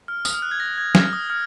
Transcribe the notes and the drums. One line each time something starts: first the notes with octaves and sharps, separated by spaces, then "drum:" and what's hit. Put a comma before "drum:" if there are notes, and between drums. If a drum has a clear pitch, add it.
F6
D#6, drum: tambourine
F6
F#6
G#6
A#6
G#6
F6, drum: snare
D#6
F6